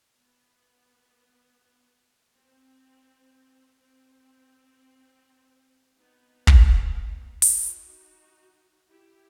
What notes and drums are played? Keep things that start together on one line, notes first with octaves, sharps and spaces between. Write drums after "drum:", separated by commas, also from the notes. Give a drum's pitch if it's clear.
B3
C4
C4
B3 D#4
drum: kick
D#4 F#4, drum: open hi-hat
E4 G4